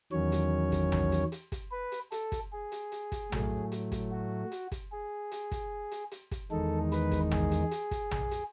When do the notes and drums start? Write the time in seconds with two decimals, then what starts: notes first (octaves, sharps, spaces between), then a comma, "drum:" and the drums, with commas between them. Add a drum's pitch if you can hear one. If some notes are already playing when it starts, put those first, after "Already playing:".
0.12 E2 D#3 F#3 C#4 C#5
0.32 drum: hi-hat
0.72 drum: kick, hi-hat
0.92 drum: tom A#1
1.12 drum: hi-hat
1.32 drum: hi-hat
1.52 drum: kick, hi-hat
1.71 B4
1.92 drum: hi-hat
2.12 A4, drum: hi-hat
2.32 drum: kick, hi-hat
2.52 G#4
2.72 drum: hi-hat
2.92 drum: hi-hat
3.12 drum: kick, hi-hat
3.32 A2 F#3 A3, drum: tom A#1
3.72 drum: hi-hat
3.92 drum: kick, hi-hat
4.11 F#4
4.52 drum: hi-hat
4.72 drum: kick, hi-hat
4.92 G#4
5.32 drum: hi-hat
5.52 drum: kick, hi-hat
5.91 drum: hi-hat
6.11 drum: hi-hat
6.31 drum: kick, hi-hat
6.51 E2 D#3 G#3 D#4 A4
6.92 B4, drum: hi-hat
7.11 drum: kick, hi-hat
7.31 G#4, drum: tom A#1
7.51 drum: hi-hat
7.71 drum: hi-hat
7.91 drum: kick, hi-hat
8.11 drum: tom A#1
8.31 drum: hi-hat